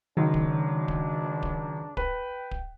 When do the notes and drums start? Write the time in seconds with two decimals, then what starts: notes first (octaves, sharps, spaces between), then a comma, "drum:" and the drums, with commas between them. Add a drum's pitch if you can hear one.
0.17 C#2 D#3 F#3 D4
0.34 drum: kick D1
0.88 drum: kick D1
1.43 drum: kick D1
1.97 B4 G5, drum: kick D1
2.51 drum: kick D1